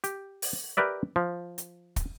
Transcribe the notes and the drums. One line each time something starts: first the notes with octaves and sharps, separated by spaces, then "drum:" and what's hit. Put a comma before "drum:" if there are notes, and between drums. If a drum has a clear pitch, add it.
G4, drum: hi-hat
drum: open hi-hat
G4 A#4 B4 D5 E5
F3
drum: hi-hat
drum: kick, hi-hat